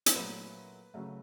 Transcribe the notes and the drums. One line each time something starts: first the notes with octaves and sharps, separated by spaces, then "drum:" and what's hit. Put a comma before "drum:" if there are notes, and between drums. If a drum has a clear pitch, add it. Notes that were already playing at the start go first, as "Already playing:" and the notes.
C5, drum: hi-hat
A#2 F#3 A3 B4
C#3 F#3 A3